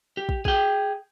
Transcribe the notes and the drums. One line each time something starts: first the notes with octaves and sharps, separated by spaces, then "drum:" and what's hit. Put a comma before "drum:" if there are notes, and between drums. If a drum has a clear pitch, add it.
G4
drum: kick
G#4 G5, drum: kick